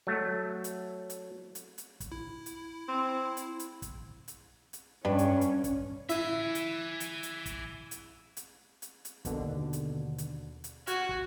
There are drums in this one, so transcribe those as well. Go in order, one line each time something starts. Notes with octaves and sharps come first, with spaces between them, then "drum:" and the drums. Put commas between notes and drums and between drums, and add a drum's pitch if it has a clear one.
F#3 A3
drum: hi-hat
drum: hi-hat
drum: hi-hat
drum: hi-hat
drum: kick, hi-hat
E4
drum: hi-hat
C4
drum: hi-hat
drum: hi-hat
drum: kick, hi-hat
drum: hi-hat
drum: hi-hat
G2 C#4 D4 G4 B4
drum: hi-hat
drum: hi-hat
drum: kick, hi-hat
E4 E5 G#5, drum: hi-hat
drum: hi-hat
drum: hi-hat
drum: hi-hat
drum: kick, hi-hat
drum: hi-hat
drum: hi-hat
drum: hi-hat
drum: hi-hat
D#2 B2 D3, drum: kick, hi-hat
drum: hi-hat
drum: hi-hat
drum: hi-hat
F#4 F6 F#6 G#6, drum: hi-hat
drum: kick